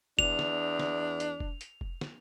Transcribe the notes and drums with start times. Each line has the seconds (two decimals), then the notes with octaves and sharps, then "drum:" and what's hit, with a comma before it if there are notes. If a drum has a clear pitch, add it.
0.19 E2 D4 F7, drum: kick F1
0.39 drum: snare
0.80 drum: snare
1.20 drum: hi-hat
1.40 drum: kick F1
1.61 drum: hi-hat
1.81 drum: kick F1
2.01 drum: snare